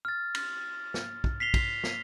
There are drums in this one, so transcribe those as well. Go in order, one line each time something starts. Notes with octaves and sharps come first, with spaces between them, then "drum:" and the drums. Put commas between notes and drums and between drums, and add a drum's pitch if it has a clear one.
F6 A6
drum: cymbal
drum: snare
drum: kick
B6 C7 F7 G7
drum: kick, cymbal
drum: snare